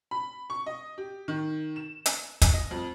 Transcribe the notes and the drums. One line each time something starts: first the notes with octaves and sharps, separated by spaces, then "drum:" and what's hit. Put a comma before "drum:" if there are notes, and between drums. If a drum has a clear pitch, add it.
B5
C#6
D#5
G4
D#3
E7
drum: hi-hat
drum: kick, hi-hat
D#5
F2